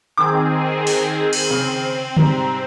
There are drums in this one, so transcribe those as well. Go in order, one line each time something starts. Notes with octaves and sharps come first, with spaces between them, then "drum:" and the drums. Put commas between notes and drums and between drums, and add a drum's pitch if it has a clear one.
D#3 C4 G#4 D6
drum: open hi-hat
drum: cymbal
C#3 C4
G#2 C3 G3, drum: tom D3